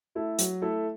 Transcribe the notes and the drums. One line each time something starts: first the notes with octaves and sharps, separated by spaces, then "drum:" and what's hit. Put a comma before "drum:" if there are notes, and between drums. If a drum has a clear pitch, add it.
A3 E4 A4
F#3, drum: hi-hat
A3 E4 A4